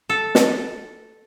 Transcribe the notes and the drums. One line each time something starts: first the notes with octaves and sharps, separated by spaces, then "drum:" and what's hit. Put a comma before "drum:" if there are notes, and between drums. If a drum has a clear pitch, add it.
A4
drum: snare